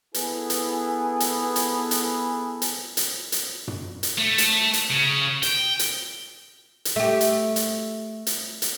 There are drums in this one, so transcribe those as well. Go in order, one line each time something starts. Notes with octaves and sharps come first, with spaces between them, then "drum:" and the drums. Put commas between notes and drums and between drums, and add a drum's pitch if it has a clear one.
B3 E4 G#4 A4 B4, drum: hi-hat
drum: hi-hat
drum: hi-hat
drum: hi-hat
drum: hi-hat
drum: hi-hat
drum: hi-hat
drum: hi-hat
drum: tom
drum: hi-hat
A3
drum: hi-hat
drum: hi-hat
C#3
G5, drum: hi-hat
drum: hi-hat
drum: hi-hat
A3 G4
drum: hi-hat
drum: hi-hat
drum: hi-hat
drum: hi-hat